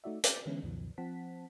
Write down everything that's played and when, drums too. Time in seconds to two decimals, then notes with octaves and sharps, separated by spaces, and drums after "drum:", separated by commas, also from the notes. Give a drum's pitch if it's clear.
0.04 A3 D#4 F#4 D5 E5
0.24 G5 D6 G6 A6, drum: hi-hat
0.46 D3 E3 G#3 B3 C#4 E4
0.63 C#2 F#2 B2 D#3 F3 F#3
0.98 F3 C4 F#5 A5 B6